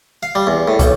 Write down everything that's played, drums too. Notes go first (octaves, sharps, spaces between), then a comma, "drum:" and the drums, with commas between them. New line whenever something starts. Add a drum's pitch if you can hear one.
F5
G3
E2
A2
B1, drum: kick, hi-hat